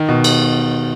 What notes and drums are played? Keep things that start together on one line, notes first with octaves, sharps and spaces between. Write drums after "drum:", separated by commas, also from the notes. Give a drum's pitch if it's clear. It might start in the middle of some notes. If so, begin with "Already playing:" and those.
Already playing: D#3
B2
drum: cymbal